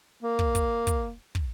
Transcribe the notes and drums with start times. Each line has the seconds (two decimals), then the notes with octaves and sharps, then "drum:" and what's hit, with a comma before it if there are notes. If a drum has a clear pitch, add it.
0.23 A#3
0.39 drum: kick
0.55 drum: kick, hi-hat
0.87 drum: kick, hi-hat
1.35 drum: kick